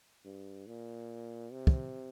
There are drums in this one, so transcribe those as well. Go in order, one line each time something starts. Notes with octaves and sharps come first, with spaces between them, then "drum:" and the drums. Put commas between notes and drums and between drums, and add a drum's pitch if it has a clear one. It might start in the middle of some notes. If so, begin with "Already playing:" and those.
G2
A#2
C3
drum: kick